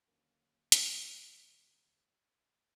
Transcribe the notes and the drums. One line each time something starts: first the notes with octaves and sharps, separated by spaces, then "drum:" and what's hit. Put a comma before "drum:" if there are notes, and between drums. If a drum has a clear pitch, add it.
D#2 D3 D#3 F#3 A#3 C#4
drum: hi-hat